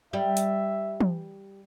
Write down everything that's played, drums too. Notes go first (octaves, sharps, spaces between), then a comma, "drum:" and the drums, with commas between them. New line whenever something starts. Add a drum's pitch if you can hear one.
G3 E5
drum: hi-hat
drum: tom